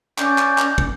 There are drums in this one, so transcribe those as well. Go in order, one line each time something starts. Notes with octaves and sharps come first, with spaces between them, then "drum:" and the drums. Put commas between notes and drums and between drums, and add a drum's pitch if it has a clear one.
C#4 D5 D6 G6, drum: clap
drum: clap
drum: clap
drum: kick